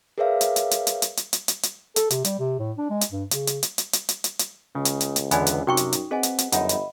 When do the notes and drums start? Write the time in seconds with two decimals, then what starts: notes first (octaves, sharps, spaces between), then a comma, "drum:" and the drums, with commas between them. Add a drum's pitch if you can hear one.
0.18 G#4 A#4 B4 C#5 E5 F5
0.41 drum: hi-hat
0.56 drum: hi-hat
0.71 drum: hi-hat
0.87 drum: hi-hat
1.02 drum: hi-hat
1.17 drum: hi-hat
1.33 drum: hi-hat
1.48 drum: hi-hat
1.63 drum: hi-hat
1.96 A4, drum: hi-hat
2.10 C3, drum: hi-hat
2.25 G3, drum: hi-hat
2.39 C3
2.59 A2
2.78 D4
2.90 G#3
3.01 drum: hi-hat
3.12 G2
3.31 C#3, drum: hi-hat
3.47 drum: hi-hat
3.63 drum: hi-hat
3.78 drum: hi-hat
3.93 drum: hi-hat
4.09 drum: hi-hat
4.24 drum: hi-hat
4.39 drum: hi-hat
4.75 C#2 C#3
4.85 drum: hi-hat
5.01 drum: hi-hat
5.16 drum: hi-hat
5.31 E2 D3 B3 D5 G#5 B5, drum: hi-hat
5.47 drum: hi-hat
5.67 F#2 C3 D#4 F#4 G5 C#6
5.77 drum: hi-hat
5.93 drum: hi-hat
6.11 C4 G#4 B4 D#5 F#5 G#5
6.23 drum: hi-hat
6.38 drum: hi-hat
6.52 G1 F#2 D#4 D#5 E5 F#5 B5, drum: hi-hat
6.69 drum: hi-hat